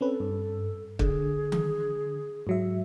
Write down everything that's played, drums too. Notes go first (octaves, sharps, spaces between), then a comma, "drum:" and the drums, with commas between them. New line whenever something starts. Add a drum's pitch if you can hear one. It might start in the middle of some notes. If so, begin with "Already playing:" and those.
C4 C#4 A4 B4
G2
D3 G#4, drum: kick
drum: tom D#3
G#2 F#3 E5